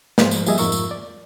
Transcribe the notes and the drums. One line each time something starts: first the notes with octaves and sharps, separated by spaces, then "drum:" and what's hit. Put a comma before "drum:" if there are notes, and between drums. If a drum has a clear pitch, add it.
G#2 F3 G#3 C5, drum: snare
drum: tambourine
F3 G3 A#3 G#4 D#5 E5, drum: tambourine
F2 G#2 F4 A#4 C#6 E6, drum: tambourine
drum: tambourine
D5